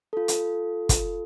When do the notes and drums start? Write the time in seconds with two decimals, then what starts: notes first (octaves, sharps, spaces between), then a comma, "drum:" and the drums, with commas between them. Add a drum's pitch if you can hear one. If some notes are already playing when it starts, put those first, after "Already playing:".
0.13 F4 A4
0.28 drum: hi-hat
0.89 drum: kick, hi-hat